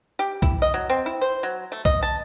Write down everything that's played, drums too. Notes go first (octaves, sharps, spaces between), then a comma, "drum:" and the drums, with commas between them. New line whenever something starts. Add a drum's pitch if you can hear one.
G4
E4, drum: kick B1
D#5
F#3
C4
E4
C5
F#3
A3
D#5, drum: kick B1
A5